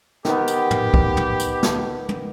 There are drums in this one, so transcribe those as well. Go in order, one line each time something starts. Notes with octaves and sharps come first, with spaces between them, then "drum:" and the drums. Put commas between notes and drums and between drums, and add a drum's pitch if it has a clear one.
D#3 B3 G4, drum: snare
drum: tambourine
drum: tom
drum: kick
drum: tom
drum: tambourine
drum: snare
drum: tom